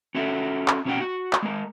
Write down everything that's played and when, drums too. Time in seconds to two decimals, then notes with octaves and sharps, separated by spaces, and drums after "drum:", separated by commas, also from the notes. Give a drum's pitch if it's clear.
0.15 C#4 F#4 A4 E5
0.68 drum: clap
0.85 B2 C#4 F#4 G#4 F#5 G5
1.00 F#4
1.33 drum: clap
1.42 G#3 A#4